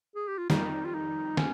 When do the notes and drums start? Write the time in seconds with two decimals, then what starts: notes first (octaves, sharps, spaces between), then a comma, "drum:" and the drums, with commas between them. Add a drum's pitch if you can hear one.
0.15 G#4
0.27 G4
0.38 F4
0.50 F2 D#3 G3 D#4, drum: snare
0.84 F4
0.94 D#4
1.37 C#4, drum: snare